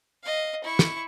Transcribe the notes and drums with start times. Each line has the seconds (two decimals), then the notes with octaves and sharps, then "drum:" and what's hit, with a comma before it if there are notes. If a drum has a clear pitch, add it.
0.24 D#5 F5
0.64 E4 C#6
0.79 drum: snare